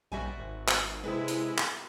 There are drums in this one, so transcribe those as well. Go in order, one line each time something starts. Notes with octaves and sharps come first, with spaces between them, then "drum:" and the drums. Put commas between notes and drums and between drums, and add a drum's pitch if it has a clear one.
A#1 G3 F#4 E5 G#5
G#1
drum: clap
C3 G#3 E4 G#4 B4
drum: hi-hat
F#4, drum: clap